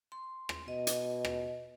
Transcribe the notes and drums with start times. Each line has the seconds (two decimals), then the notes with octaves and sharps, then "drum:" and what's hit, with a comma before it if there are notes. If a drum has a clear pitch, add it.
0.12 C6
0.49 drum: rim click
0.68 B2 D#5
0.87 drum: hi-hat
1.25 drum: rim click